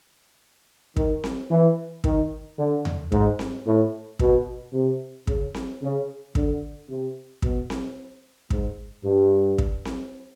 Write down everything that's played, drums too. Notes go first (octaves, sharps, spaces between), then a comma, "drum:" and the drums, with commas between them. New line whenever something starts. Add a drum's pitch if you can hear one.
D#3, drum: kick
drum: snare C4
E3
D#3, drum: kick
D3
drum: tom E2
G#2, drum: kick
drum: snare C4
A2
B2, drum: kick
C3
C#3, drum: kick
drum: snare C4
C#3
D3, drum: kick
C3
B2, drum: kick
drum: snare C4
G#2, drum: kick
G2
drum: kick
drum: snare C4